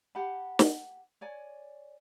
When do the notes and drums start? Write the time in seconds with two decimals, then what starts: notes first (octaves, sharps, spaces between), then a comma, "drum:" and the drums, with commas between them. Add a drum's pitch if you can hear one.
0.15 G4 F#5 A5 B5
0.59 drum: snare
1.21 C#5 D5 G#5